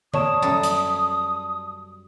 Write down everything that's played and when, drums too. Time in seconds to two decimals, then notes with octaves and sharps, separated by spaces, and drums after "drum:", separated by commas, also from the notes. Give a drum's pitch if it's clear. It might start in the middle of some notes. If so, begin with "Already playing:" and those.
0.14 C#5 D5 A5 D#6 E7, drum: tom D3
0.42 F#2 G3 A4
0.63 drum: hi-hat